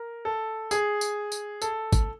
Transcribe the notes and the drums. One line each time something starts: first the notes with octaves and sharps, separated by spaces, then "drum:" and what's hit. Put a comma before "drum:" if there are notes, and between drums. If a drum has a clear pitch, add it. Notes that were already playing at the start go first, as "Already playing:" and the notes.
Already playing: A#4
A4
G#4, drum: tambourine
drum: tambourine
drum: tambourine
A4, drum: tambourine
drum: kick, tambourine